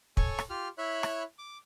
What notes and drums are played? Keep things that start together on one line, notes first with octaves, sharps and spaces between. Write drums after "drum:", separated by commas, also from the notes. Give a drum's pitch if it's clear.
A4 C#5 G#5 C#6, drum: kick
drum: rim click
F4 G4 F6
E4 C#5 E5 B5 F#6
drum: rim click
D6